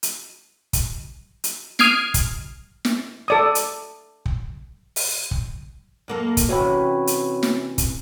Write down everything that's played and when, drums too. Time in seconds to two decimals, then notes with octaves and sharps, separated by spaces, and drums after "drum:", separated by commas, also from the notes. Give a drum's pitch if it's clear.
0.03 drum: hi-hat
0.73 drum: kick, hi-hat
1.44 drum: hi-hat
1.79 D#6 F6 G#6 C7 D7, drum: snare
2.14 drum: kick, hi-hat
2.85 drum: snare
3.28 A4 D5 D#6
3.55 drum: hi-hat
4.26 drum: kick
4.96 drum: open hi-hat
5.31 drum: kick
6.08 F#2 A#3 A4
6.37 drum: kick, hi-hat
6.49 C3 E3 C#4 F#4 C#5 B5
7.07 drum: hi-hat
7.43 drum: snare
7.78 drum: kick, hi-hat